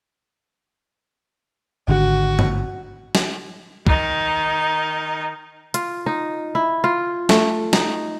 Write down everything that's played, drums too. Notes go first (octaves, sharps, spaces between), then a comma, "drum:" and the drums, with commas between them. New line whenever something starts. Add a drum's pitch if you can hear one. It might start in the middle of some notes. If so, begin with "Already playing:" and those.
G#1 D3 F#4
drum: tom G2
drum: snare
D#3 D#4, drum: kick
F4, drum: hi-hat
D#4
E4
F4
A3, drum: snare
D#4, drum: snare